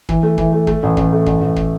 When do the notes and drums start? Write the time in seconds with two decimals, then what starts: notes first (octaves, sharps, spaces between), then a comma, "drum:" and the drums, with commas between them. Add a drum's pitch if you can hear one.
0.09 E3, drum: kick
0.23 A3
0.38 E3, drum: kick
0.53 A3
0.67 A3, drum: kick
0.83 A1
0.97 A1, drum: kick
1.12 A3
1.26 A1, drum: kick
1.41 A1
1.56 drum: kick